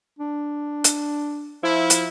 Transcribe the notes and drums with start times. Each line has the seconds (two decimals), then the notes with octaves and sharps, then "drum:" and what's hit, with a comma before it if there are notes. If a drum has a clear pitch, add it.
0.19 D4
0.84 drum: hi-hat
1.63 F3 E4
1.90 drum: hi-hat